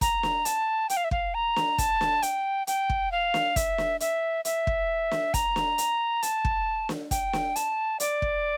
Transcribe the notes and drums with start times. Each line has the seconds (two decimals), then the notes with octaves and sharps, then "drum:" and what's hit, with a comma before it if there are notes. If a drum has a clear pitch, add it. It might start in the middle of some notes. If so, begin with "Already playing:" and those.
0.01 A#5, drum: kick, hi-hat
0.23 drum: snare
0.45 A5, drum: hi-hat
0.89 G5, drum: hi-hat
0.97 F5
1.04 E5
1.11 F5, drum: kick
1.34 A#5
1.56 drum: snare
1.78 A5, drum: kick, hi-hat
2.01 drum: snare
2.22 G5, drum: hi-hat
2.67 G5, drum: hi-hat
2.90 drum: kick
3.12 F5
3.34 drum: snare
3.56 E5, drum: kick, hi-hat
3.78 drum: snare
4.00 E5, drum: hi-hat
4.45 E5, drum: hi-hat
4.67 drum: kick
5.11 drum: snare
5.34 A#5, drum: kick, hi-hat
5.56 drum: snare
5.78 drum: hi-hat
6.22 A5, drum: hi-hat
6.45 drum: kick
6.89 drum: snare
7.11 G5, drum: kick, hi-hat
7.33 drum: snare
7.56 A5, drum: hi-hat
8.00 D5, drum: hi-hat
8.22 drum: kick